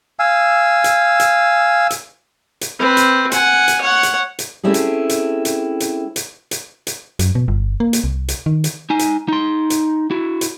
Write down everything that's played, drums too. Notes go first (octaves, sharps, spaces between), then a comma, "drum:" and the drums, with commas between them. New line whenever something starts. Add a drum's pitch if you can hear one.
F5 G#5 E6
drum: hi-hat
drum: hi-hat
drum: hi-hat
drum: hi-hat
C4 B4
drum: hi-hat
F#5 G#5, drum: hi-hat
drum: hi-hat
C#5 F#5
drum: hi-hat
drum: hi-hat
A3 C4 C#4 E4 G4 G#4
drum: hi-hat
drum: hi-hat
drum: hi-hat
drum: hi-hat
drum: hi-hat
drum: hi-hat
drum: hi-hat
F#2, drum: hi-hat
B2
G1
A#3
drum: hi-hat
C2
drum: hi-hat
D#3
drum: hi-hat
D#4 G#5
drum: hi-hat
D#4 C6
drum: hi-hat
E4 F#4
drum: hi-hat